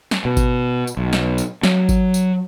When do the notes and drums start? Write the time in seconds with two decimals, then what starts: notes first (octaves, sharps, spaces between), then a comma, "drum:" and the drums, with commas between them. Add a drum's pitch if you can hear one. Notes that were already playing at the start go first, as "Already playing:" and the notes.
0.11 drum: snare
0.25 B2
0.37 drum: kick G#1, tambourine
0.87 drum: tambourine
0.97 B1
1.13 drum: snare
1.38 drum: tambourine
1.63 F#3, drum: snare
1.89 drum: kick G#1, tambourine
2.14 drum: tambourine